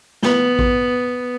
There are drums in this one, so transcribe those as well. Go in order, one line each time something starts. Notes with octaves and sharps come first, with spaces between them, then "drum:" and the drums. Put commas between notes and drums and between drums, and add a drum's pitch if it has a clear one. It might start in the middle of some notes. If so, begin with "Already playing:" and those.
B3, drum: snare
drum: kick A1